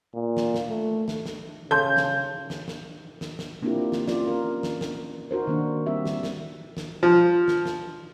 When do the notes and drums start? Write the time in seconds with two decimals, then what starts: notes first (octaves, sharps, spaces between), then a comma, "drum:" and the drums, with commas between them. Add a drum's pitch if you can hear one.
0.14 A#2
0.37 drum: snare
0.54 drum: snare
0.69 A3
1.08 drum: snare
1.26 drum: snare
1.71 C#3 A4 A5 C6 G6
1.97 drum: snare
2.50 drum: snare
2.68 drum: snare
3.21 drum: snare
3.39 drum: snare
3.62 A#3 C4 D4 E4 F4 G4
3.92 drum: snare
4.08 C#4 F4 D5, drum: snare
4.28 A#4
4.63 drum: snare
4.81 drum: snare
5.31 D#4 F#4 A#4 C5
5.47 D#3 A#3 D4
5.86 G3 C4 G4 E5
6.06 drum: snare
6.23 drum: snare
6.77 drum: snare
7.03 F3
7.48 drum: snare
7.66 drum: snare